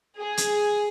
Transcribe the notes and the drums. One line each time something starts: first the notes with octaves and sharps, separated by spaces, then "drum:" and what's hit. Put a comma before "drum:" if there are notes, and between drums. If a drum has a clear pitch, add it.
G#4
drum: hi-hat